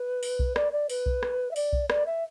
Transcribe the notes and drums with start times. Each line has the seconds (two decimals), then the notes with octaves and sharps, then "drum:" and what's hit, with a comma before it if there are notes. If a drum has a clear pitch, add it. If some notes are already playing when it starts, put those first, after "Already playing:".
Already playing: B4
0.23 drum: open hi-hat
0.39 drum: kick B1
0.56 D5, drum: rim click
0.73 D5
0.90 B4, drum: open hi-hat
1.06 drum: kick B1
1.23 drum: rim click
1.51 E5
1.56 D5, drum: open hi-hat
1.73 drum: kick B1
1.90 D5, drum: rim click
2.06 E5